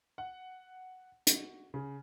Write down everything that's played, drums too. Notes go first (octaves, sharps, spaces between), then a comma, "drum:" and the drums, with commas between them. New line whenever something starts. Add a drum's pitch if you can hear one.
F#5
F#4, drum: hi-hat
C#3